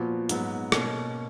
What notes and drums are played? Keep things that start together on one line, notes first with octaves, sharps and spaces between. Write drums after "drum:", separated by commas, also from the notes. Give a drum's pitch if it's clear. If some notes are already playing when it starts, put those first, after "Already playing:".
Already playing: A#2 F3 B3 F#4
G#2 F#3 B3, drum: hi-hat
B2 A#3 C#4, drum: rim click